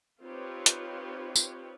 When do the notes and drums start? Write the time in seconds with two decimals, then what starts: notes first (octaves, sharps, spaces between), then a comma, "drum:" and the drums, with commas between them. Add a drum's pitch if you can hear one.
0.21 C4 D#4 F4 G4 B4 C#5
0.66 drum: hi-hat
1.36 drum: tambourine